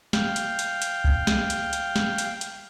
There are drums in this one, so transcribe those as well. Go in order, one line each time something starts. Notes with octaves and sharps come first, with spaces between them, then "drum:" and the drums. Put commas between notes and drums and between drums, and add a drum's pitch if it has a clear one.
F5 G5, drum: snare
drum: hi-hat
drum: hi-hat
drum: hi-hat
drum: kick C#2
drum: snare
drum: hi-hat
drum: hi-hat
drum: snare
drum: hi-hat
drum: hi-hat